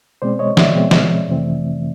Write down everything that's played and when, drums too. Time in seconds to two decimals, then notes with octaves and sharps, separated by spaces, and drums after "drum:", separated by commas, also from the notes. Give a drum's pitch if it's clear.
0.22 B2 G#3 C4 C5 D5
0.39 C#5 D#5
0.57 D5 E5, drum: snare
0.75 B2 G#3 C4
0.91 drum: snare
1.28 F2 C3 E3 A3 C4